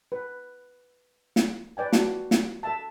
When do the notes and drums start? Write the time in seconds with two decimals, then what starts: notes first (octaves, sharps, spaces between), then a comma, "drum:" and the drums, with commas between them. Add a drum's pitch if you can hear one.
0.12 B4
1.36 drum: snare
1.77 B4 D5 G5 G#5
1.93 F#4 A5, drum: snare
2.31 drum: snare
2.63 A4 E5 A5